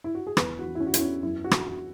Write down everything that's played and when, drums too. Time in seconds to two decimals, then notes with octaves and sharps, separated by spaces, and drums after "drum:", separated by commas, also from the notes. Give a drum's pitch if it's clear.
0.04 E4
0.15 F#4
0.27 G#4
0.37 E2 B4, drum: rim click
0.59 F#4
0.66 E3
0.75 E4
0.80 C#4
0.87 F#4
0.94 E2 E4, drum: hi-hat
1.01 C#4
1.23 F#2 E4
1.44 F#4
1.51 E3, drum: rim click
1.67 F#4